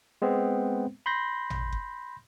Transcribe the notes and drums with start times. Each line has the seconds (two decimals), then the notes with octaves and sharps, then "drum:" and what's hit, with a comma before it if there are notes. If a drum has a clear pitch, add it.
0.22 G#3 B3 C4
1.06 B5 C6 G6 A#6
1.50 drum: tom
1.72 drum: kick F#1